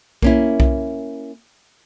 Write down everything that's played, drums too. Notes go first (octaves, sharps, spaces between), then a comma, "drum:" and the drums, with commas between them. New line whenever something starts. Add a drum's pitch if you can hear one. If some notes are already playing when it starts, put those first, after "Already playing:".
A#3 C#4 E4, drum: kick B1
drum: kick B1